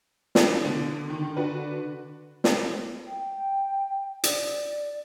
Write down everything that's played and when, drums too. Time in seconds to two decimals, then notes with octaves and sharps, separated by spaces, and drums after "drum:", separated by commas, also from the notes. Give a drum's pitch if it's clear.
0.35 E3 F3 D4, drum: snare
0.66 B2 D3
1.10 D#3
1.37 D4 F#4 B4
2.44 drum: snare
3.07 G5
4.24 D5, drum: hi-hat